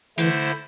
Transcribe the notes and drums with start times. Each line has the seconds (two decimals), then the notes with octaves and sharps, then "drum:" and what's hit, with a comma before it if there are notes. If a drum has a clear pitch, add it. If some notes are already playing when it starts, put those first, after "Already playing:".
0.18 D3 E3 A3 E4 C5, drum: hi-hat